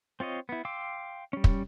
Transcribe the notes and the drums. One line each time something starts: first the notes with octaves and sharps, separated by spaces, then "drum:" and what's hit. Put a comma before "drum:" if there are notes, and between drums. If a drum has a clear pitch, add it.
C4 F4 C#5 D#5
B3 E4
F5 G5 C6 D6 E6
G3 C#4
drum: kick